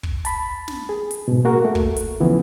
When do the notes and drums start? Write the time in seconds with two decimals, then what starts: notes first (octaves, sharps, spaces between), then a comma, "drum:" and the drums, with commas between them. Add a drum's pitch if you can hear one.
0.03 drum: kick
0.25 A5 B5, drum: hi-hat
0.68 drum: snare
0.89 G#4
1.11 drum: hi-hat
1.28 G#2 B2
1.45 A#3 F#4 G#4 A#4
1.65 A3
1.75 drum: kick
1.96 drum: hi-hat
2.20 C#3 E3 F3 B3